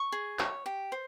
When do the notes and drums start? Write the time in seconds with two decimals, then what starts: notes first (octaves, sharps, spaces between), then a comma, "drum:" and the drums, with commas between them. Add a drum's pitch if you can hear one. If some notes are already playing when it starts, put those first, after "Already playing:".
Already playing: C#6
0.12 G#4
0.39 C#5, drum: clap
0.66 G4
0.92 C5